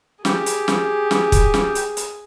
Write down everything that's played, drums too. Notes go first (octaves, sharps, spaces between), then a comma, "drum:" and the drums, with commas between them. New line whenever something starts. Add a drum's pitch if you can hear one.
G4 G#4, drum: snare
drum: hi-hat
drum: snare
drum: snare
drum: kick, hi-hat
drum: snare
drum: hi-hat
drum: hi-hat